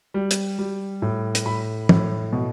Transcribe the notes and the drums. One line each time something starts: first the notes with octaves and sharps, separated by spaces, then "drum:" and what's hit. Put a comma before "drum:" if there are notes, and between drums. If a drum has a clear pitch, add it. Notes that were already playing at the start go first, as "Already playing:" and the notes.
G3
drum: hi-hat
G3
A2
drum: hi-hat
A2 B5
A2, drum: tom
B2